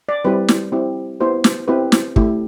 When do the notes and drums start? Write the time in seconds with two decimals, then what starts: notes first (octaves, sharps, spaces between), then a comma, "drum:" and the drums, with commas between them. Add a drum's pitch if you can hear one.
0.09 D5
0.25 G3 C4 E4 G4 B4
0.48 drum: snare
0.72 C4 E4 G4
1.20 B3 E4 G4 C5
1.44 drum: snare
1.68 C4 E4 G4 B4
1.92 drum: snare
2.16 A3 E4 G4, drum: kick